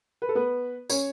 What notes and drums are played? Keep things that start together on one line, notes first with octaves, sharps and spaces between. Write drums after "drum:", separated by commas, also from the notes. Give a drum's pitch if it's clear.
B4
A4
B3 B4
C#4 C#5, drum: tambourine